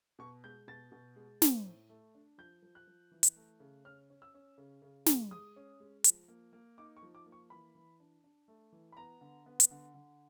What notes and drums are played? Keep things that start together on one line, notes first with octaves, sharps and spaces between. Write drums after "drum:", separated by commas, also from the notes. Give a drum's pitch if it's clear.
B2 C#6
G#3 G6
B2 A6
B2
G#3
C4, drum: snare
A2
A3
D4
F3 G6
F3
F#6
F3
E3
drum: hi-hat
A3
C#3
C#4 F6
C#4
E6
C#4
C#3
C#3
G#3, drum: snare
G#3 D#6
C#4
G#3
F3, drum: hi-hat
A#3
A#3
D#4 D6
C#6
F3
D6
A#3
C#6
E3 B5
E3
D4
D4
A3
E3
B5
B3 A#5
D3
B3
drum: hi-hat
D3
D3